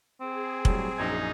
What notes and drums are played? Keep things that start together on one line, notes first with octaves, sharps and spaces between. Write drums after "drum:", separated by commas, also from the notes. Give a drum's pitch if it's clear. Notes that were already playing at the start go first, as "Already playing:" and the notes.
C4 G#4
A2 F#3 G3, drum: kick
A#1 F#2 D#4 G#6